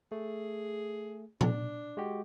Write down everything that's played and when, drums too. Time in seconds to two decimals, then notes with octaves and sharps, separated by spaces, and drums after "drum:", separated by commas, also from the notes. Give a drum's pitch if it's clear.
0.12 A3 G#4
1.41 D4, drum: tom A#2
1.97 G#3 F#4 G4